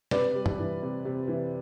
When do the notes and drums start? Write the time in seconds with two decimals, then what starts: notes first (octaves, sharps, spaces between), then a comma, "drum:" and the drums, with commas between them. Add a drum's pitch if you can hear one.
0.11 C3 B4 D5, drum: snare
0.35 G3
0.46 drum: tom
0.59 E3
0.82 C3
1.05 C3
1.28 E3